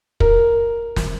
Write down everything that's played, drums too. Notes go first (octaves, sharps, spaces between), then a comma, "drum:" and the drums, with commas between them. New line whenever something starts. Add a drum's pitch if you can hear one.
A#4, drum: kick
drum: snare